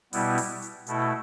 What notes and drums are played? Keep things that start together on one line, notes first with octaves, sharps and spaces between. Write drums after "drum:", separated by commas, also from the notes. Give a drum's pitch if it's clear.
B2 G3 B3 E4, drum: open hi-hat
drum: open hi-hat
drum: hi-hat
B2 A3 E4, drum: hi-hat